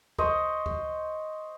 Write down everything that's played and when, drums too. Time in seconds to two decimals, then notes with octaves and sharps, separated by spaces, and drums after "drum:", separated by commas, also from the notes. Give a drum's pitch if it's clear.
0.18 C5 D#5 C#6, drum: kick C#2
0.66 drum: kick C#2